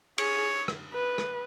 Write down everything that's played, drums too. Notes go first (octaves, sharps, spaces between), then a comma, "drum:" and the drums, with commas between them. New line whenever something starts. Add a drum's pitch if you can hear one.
G#4 C#5, drum: cymbal
drum: rim click
B4
drum: rim click